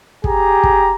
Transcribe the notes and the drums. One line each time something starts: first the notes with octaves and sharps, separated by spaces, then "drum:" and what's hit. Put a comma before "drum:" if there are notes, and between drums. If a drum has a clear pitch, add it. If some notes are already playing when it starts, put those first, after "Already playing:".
G4 G#4 A#5, drum: kick
drum: kick